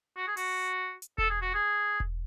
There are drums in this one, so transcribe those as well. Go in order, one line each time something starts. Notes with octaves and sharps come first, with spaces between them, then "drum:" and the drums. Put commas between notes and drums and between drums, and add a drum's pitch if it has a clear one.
F#4
G#4
F#4, drum: open hi-hat
drum: hi-hat
A4, drum: kick E1
G#4
F#4
G#4
drum: kick E1